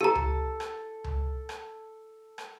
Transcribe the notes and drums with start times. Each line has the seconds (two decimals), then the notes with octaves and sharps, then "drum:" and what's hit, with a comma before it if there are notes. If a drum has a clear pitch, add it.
0.01 G4 A4 A5 A#5
0.15 drum: tom C#2
0.60 drum: rim click
1.04 drum: tom C#2
1.49 drum: rim click
2.38 drum: rim click